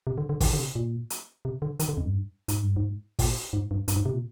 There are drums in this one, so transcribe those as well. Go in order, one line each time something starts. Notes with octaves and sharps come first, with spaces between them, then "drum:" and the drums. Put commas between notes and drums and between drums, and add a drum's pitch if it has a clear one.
C3
D3
D3
D#3, drum: kick, open hi-hat
D3
C3
A#2
drum: hi-hat
C3
D3
D#3, drum: hi-hat
D3
F2
G2
G#2, drum: hi-hat
G2
G#2
A#2, drum: kick, open hi-hat
G#2
G2
G2, drum: hi-hat
G#2
C3
A#2